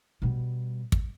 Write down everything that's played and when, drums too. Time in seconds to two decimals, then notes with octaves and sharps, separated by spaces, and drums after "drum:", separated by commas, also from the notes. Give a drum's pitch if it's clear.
0.22 B2 G3
0.92 drum: kick